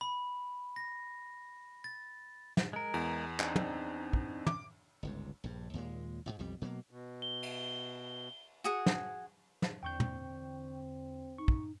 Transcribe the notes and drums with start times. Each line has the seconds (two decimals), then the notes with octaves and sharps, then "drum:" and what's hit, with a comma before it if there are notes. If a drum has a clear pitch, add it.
0.01 B5
0.76 A#6
1.84 A6
2.57 drum: snare
2.73 G#3 A#4
2.94 E2, drum: cymbal
3.40 C4 D4 D#4, drum: clap
3.56 drum: tom
4.13 drum: kick
4.47 D6, drum: tom
5.03 G1 C#2 G#2
5.44 A#1 G2
5.74 D#2 A#2 F#3 G#3
6.26 A1 G#2
6.39 B1 F2 G3
6.62 B2 F#3 G3 A#3
6.91 B2
7.22 G7
7.43 drum: cymbal
8.64 F#4 G#4 F#5
8.86 drum: snare
9.62 drum: snare
9.83 E2 D3 C4 G5 C#6 G6
10.00 drum: tom
11.38 D#4 C#6
11.48 drum: kick